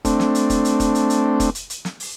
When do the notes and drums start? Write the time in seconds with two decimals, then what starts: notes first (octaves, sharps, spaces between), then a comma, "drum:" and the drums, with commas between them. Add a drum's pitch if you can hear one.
0.05 A3 C4 D4, drum: kick F1, hi-hat
0.20 drum: snare
0.35 drum: hi-hat
0.50 drum: kick F1, hi-hat
0.65 drum: hi-hat
0.80 drum: kick F1, hi-hat
0.95 drum: hi-hat
1.10 drum: hi-hat
1.40 drum: kick F1, hi-hat
1.55 drum: hi-hat
1.70 drum: hi-hat
1.85 drum: snare
2.00 drum: open hi-hat